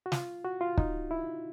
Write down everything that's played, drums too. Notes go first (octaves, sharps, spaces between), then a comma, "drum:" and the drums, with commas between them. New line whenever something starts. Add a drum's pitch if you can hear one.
F#4
F4, drum: snare
F#4
F4
D#4, drum: kick
E4